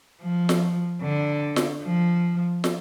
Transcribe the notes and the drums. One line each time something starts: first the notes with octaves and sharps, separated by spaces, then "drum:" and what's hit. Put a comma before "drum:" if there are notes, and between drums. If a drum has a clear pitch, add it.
F3
drum: snare
D3
drum: snare
F3
drum: snare